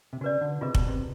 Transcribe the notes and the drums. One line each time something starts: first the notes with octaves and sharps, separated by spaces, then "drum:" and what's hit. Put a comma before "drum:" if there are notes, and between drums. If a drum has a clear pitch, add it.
C3
C#3 F#4 B4 D5
D3
C3 F4 G#4 B4 D#5
B2, drum: kick
C3